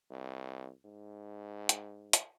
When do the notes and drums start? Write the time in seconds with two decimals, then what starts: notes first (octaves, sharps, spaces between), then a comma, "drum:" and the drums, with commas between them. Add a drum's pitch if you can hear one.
0.10 C2
0.85 G#2
1.69 drum: hi-hat
2.13 drum: hi-hat